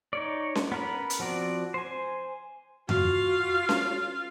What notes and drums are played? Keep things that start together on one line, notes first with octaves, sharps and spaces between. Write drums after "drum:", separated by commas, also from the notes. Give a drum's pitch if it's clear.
D#4 C#5 D5
drum: snare C#4
B3 A#4 B5
drum: hi-hat
F3 C4 F#4 D5
C5 G#5
F4 F#4 F5, drum: tom F2
drum: snare C#4